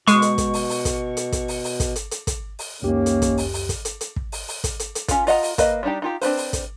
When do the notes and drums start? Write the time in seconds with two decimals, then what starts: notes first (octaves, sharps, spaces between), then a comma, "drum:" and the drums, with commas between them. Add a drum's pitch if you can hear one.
0.08 B2 G#3 C#6, drum: hi-hat
0.22 drum: hi-hat
0.38 drum: kick, hi-hat
0.54 drum: open hi-hat
0.69 drum: open hi-hat
0.85 drum: kick, hi-hat
1.17 drum: hi-hat
1.32 drum: kick, hi-hat
1.48 drum: open hi-hat
1.64 drum: open hi-hat
1.80 drum: kick, hi-hat
1.96 drum: hi-hat
2.11 drum: hi-hat
2.27 drum: kick, hi-hat
2.59 drum: open hi-hat
2.82 C#2 F#2 D#3 A#3 C#4 G4
3.06 drum: hi-hat
3.22 drum: kick, hi-hat
3.38 drum: open hi-hat
3.53 drum: open hi-hat
3.69 drum: kick, hi-hat
3.85 drum: hi-hat
4.01 drum: hi-hat
4.16 drum: kick
4.32 drum: open hi-hat
4.48 drum: open hi-hat
4.64 drum: kick, hi-hat
4.79 drum: hi-hat
4.95 drum: hi-hat
5.08 C#4 F4, drum: kick, hi-hat
5.27 F4 D#5 F#5 A#5, drum: open hi-hat
5.43 drum: open hi-hat
5.58 A#3 B4 D#5, drum: kick, hi-hat
5.83 G3 D4 D#4 G4
6.02 D#4 F4 G4
6.21 C4 D4 B4 C5, drum: open hi-hat
6.37 drum: open hi-hat
6.53 drum: kick, hi-hat